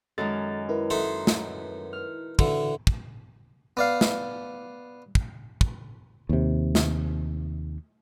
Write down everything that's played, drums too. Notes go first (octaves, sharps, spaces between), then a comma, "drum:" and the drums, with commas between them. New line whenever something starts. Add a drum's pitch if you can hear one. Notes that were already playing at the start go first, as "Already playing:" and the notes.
F#2 D#3 G#3 A4 D#5 A6
E4 A#4 B4
F#3 D#4 A4 E5 C6
drum: snare
F6
D3 E3 F#4, drum: kick
drum: kick
B3 D5 F5
drum: snare
drum: kick
drum: kick
D#2 C3
drum: snare